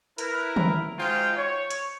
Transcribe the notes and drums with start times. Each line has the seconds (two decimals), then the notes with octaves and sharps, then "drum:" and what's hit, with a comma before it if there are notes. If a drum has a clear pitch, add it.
0.18 E4 A#4 B4, drum: hi-hat
0.56 drum: tom
0.99 G#3 D#4 F4 F#4 C5 G5
1.37 C#5
1.70 drum: hi-hat